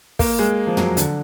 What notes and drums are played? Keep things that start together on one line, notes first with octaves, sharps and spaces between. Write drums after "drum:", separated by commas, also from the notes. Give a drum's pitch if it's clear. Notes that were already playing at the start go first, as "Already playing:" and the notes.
A#3, drum: kick, open hi-hat
G#3
F3
F#3, drum: tom
D3, drum: hi-hat